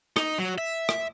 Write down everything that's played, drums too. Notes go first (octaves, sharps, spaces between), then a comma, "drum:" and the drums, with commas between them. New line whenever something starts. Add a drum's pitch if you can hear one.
D#4, drum: rim click
F#3
E5
drum: rim click